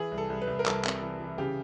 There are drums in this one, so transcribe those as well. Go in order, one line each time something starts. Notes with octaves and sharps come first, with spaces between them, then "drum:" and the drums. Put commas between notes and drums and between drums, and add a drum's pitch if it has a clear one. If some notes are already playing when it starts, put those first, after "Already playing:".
Already playing: E3 G#4
C2
A4
C2
B4
C2
A#4
C2 A4, drum: clap
C3, drum: clap
E3
E3
C#3 G4